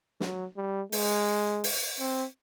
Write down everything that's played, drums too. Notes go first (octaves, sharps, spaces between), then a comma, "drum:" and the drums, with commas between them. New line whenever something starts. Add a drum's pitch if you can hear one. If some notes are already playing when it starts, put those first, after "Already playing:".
F#3, drum: snare
G3
G#3, drum: open hi-hat
drum: open hi-hat
C4